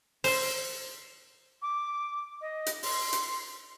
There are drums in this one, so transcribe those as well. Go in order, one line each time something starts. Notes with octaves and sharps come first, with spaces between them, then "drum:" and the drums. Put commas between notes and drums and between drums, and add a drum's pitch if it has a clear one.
C5, drum: open hi-hat
D6
D#5
drum: hi-hat
C6, drum: open hi-hat
drum: hi-hat